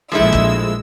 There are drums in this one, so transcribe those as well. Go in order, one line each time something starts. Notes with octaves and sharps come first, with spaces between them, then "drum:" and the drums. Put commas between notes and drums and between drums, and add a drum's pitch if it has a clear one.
A#1 F3 G#3 A3 E4 E6
drum: kick